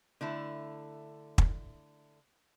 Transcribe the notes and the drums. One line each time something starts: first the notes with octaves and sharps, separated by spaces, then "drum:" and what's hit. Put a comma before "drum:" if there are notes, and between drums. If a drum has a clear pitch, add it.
D3 A3 E4
drum: kick